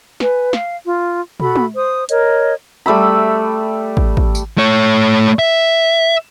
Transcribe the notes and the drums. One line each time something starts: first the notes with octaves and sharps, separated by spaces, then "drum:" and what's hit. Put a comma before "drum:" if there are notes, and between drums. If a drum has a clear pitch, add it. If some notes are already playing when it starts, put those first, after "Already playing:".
B4 G#5, drum: snare
F5, drum: snare
F4
F#4 A4 B5, drum: tom
drum: tom
C5 D#6
A#4 C#5 D#5, drum: hi-hat
G3 A3 E5 B5
drum: kick
drum: kick
drum: tambourine
A3 C#5
E5